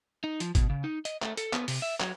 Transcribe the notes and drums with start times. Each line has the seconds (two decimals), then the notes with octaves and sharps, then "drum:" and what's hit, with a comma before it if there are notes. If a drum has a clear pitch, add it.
0.24 D#4
0.40 F3, drum: hi-hat
0.55 B2, drum: kick G#1, hi-hat
0.70 C#3
0.84 D#4
1.05 D#5, drum: hi-hat
1.22 A3, drum: clap
1.37 A4, drum: hi-hat
1.53 B3, drum: clap
1.68 C3, drum: open hi-hat
1.82 E5
2.00 F#3, drum: clap